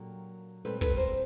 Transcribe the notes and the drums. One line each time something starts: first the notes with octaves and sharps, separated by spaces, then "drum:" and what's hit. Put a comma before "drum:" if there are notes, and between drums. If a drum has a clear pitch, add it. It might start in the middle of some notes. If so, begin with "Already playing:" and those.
Already playing: A#2 F#3 A#3 D4 G4 A4
A#2 G3 C4 A4 B4
A4 B4, drum: kick
A#4 C5